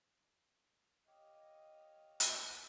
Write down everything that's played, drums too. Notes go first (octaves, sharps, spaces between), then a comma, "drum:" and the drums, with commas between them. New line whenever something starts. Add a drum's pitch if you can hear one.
G4 C#5 D#5 F5
drum: hi-hat